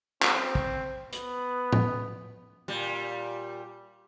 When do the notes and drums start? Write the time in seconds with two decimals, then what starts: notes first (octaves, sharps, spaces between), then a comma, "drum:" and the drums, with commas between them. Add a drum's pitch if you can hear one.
0.23 C4, drum: clap
0.55 drum: kick
1.13 B3, drum: hi-hat
1.73 drum: tom A2
2.68 A#2 G3